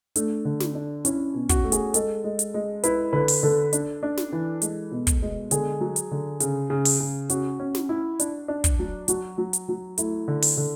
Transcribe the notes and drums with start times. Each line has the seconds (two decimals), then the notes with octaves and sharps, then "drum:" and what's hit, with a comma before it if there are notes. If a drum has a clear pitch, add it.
0.16 A3 D4, drum: hi-hat
0.45 D3
0.60 drum: snare
0.75 D4
1.05 C#4 E4, drum: hi-hat
1.34 B2
1.49 F#4, drum: kick, hi-hat
1.64 A3
1.72 G#4, drum: hi-hat
1.94 G#3 A4, drum: hi-hat
2.24 G#3
2.39 drum: hi-hat
2.54 G#3
2.84 E4 B4, drum: hi-hat
3.13 D3 B4
3.28 drum: open hi-hat
3.43 D3 A4
3.73 D4, drum: hi-hat
4.03 D4
4.17 drum: snare
4.32 E3
4.62 G#3, drum: hi-hat
4.91 B2
5.07 drum: kick, hi-hat
5.22 G#3
5.51 D3 G#4, drum: hi-hat
5.81 F#3
5.96 drum: hi-hat
6.11 D3
6.40 C#3, drum: hi-hat
6.70 C#3
6.85 drum: open hi-hat
7.00 C#3
7.30 C#4 F#4, drum: hi-hat
7.60 C#4
7.75 drum: snare
7.89 E4
8.20 D4, drum: hi-hat
8.48 D4
8.64 drum: kick, hi-hat
8.79 F#3
9.08 F#3 F#4, drum: hi-hat
9.38 F#3
9.53 drum: hi-hat
9.69 F#3
9.98 A3 E4, drum: hi-hat
10.28 D3
10.42 drum: open hi-hat
10.57 D3